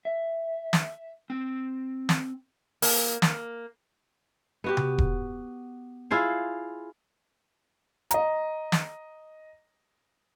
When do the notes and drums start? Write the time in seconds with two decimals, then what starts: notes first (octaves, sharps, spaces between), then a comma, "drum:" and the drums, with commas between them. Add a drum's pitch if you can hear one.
0.05 E5
0.73 drum: snare
1.30 C4
2.09 drum: snare
2.82 A#3, drum: open hi-hat
3.22 A#3, drum: snare
4.64 B3 F#4 G4
4.77 drum: tom C3
4.98 drum: kick E1
6.11 E4 F4 G#4 C5
8.11 D#5 A#5, drum: hi-hat
8.72 drum: snare